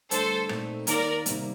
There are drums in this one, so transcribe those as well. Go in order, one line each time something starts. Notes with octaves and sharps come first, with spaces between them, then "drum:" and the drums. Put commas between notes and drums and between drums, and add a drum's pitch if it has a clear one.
G2 D3 A3 A4 C5, drum: hi-hat
A#2 A3 C4 D#4, drum: rim click
D#2 D#3 A#3 D#4 A#4 D5, drum: hi-hat
C3 D#3 G3 A#3, drum: hi-hat